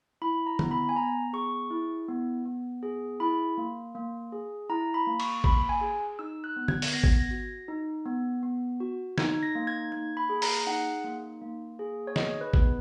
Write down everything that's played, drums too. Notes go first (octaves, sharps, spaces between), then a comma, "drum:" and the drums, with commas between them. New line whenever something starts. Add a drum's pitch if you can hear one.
E4 B5
A#5
B3, drum: tom
B5
G#5
B3 A#5
G#4 C#6
E4
B3
B3
G#4
E4 B5
A#3
A#3
G#4
E4 A#5
B5
A#3
C#6, drum: cymbal
A#3 B5, drum: kick G#1
G#5
G#4
D#4 E6
F#6
B3
G#6, drum: tom
drum: open hi-hat
B3 A#6
G#6, drum: kick G#1
A#6
F#4
D#4
B3
B3
F#4
D#4 G#6, drum: snare
A#6
A#3
G#6
A#3 G#6
B5
G#4
A#5, drum: open hi-hat
D#4 F#5
A#3
A#3
G#4
C#5
D#4 D#5, drum: snare
B4
B3, drum: kick G#1